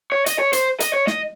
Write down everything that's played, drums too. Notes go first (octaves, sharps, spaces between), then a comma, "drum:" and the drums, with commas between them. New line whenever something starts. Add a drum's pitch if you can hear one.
C#5
D#5, drum: hi-hat
C#5
C5, drum: hi-hat
D#5, drum: hi-hat
C#5
D#5, drum: snare